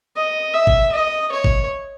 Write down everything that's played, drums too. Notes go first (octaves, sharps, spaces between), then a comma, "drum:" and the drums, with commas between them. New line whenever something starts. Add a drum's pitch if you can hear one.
D#5
E5
drum: kick G#1
D#5
C#5
drum: kick G#1